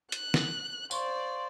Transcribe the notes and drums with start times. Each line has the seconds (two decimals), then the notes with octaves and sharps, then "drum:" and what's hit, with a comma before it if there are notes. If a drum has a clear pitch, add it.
0.12 F#6, drum: hi-hat
0.34 drum: snare
0.91 C5 D5 F5 C6 C#6, drum: tambourine